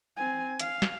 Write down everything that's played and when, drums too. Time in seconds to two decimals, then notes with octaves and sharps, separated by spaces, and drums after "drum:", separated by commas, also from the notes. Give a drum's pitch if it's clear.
0.17 C4 G#5
0.59 F5, drum: hi-hat
0.82 drum: snare